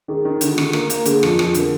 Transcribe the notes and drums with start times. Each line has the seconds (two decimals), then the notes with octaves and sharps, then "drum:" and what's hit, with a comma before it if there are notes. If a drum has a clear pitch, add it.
0.08 D#3 G#4
0.25 D#3
0.41 D3 G4, drum: hi-hat
0.52 F4
0.58 D3, drum: rim click
0.63 G4
0.73 A#3, drum: rim click
0.90 A#3, drum: hi-hat
1.05 D3 G#4, drum: hi-hat
1.23 F2, drum: rim click
1.39 F2, drum: rim click
1.54 D3 A#4, drum: hi-hat